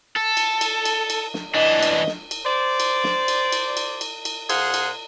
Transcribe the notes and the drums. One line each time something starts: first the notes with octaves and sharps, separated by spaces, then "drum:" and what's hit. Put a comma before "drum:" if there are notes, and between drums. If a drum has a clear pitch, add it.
A4
drum: cymbal
drum: cymbal
drum: cymbal
drum: cymbal
drum: snare
E3 D4 D#5
drum: cymbal
drum: snare
drum: cymbal
C5 D5
drum: cymbal
drum: snare
drum: cymbal
drum: cymbal
drum: cymbal
drum: cymbal
drum: cymbal
A#2 G#4 C5 F5 F#5, drum: cymbal
drum: cymbal